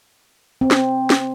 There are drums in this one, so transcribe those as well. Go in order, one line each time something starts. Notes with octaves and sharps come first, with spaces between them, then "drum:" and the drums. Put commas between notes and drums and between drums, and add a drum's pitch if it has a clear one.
C4
drum: snare
drum: snare